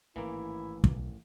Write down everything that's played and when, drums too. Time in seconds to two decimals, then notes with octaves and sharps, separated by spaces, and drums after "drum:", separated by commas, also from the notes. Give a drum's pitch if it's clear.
0.16 A1 G#2 D#3 E3 A#3 E4
0.84 B1, drum: kick